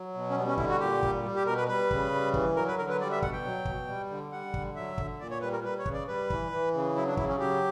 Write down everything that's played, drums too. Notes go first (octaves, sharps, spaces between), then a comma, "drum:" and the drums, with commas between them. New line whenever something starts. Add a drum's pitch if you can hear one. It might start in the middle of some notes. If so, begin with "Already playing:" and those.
Already playing: F#3
B2
C#4
G3 B3
C#4
D3 E4, drum: kick
F#4
A#2 G4
G3, drum: kick
G3
G4
B2 A#4
B4
G3 B4
C#3, drum: kick
G3
E3, drum: kick
F#3 A#4
B4
D3 A#4
B4
G3 D5
E5
B2 F#5, drum: kick
G5
F#3
B2, drum: kick
G3
D3
G3 F#5
D3, drum: kick
F#3 E5
D3, drum: kick
A#2 D5
C#5
G3 B4
A#4
G3 B4
C#5
C#3, drum: kick
D5
G3 B4
E3, drum: kick
E3
C#3
F#3 E4
D4
C#3 E4, drum: kick
C#4
F#3 G4